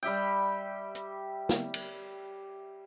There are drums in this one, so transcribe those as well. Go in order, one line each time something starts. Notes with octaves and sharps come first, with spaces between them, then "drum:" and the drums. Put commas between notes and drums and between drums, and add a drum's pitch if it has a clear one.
G3 G4 E5 G5, drum: tambourine
drum: hi-hat
drum: snare
drum: cymbal